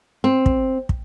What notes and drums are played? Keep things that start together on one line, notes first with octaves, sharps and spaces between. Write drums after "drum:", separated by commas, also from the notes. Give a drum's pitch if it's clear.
C4
drum: kick
drum: kick